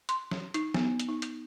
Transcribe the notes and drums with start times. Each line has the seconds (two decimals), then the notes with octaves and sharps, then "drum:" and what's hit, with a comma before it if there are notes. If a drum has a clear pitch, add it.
0.09 C6, drum: hi-hat
0.31 drum: snare
0.54 D#4, drum: hi-hat
0.74 B3, drum: snare
1.00 drum: hi-hat
1.09 D#4
1.22 drum: hi-hat